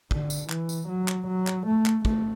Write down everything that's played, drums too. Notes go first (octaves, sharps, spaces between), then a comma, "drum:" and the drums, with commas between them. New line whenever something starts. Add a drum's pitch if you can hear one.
D3, drum: kick
drum: tambourine
E3, drum: clap
drum: tambourine
F#3
drum: clap
F#3
drum: clap
A3
drum: clap
A3, drum: kick